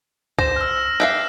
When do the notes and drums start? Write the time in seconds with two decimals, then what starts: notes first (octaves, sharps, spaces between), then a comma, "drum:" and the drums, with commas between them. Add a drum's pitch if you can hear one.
0.39 C5 A#6 E7, drum: kick C2
0.56 E6 F6
1.00 G4 E5 F5 F#6 C7